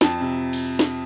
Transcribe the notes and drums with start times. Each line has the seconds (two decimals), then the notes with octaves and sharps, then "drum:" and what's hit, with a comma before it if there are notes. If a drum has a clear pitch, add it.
0.01 F2 A5, drum: snare
0.20 C3
0.53 drum: cymbal
0.79 drum: snare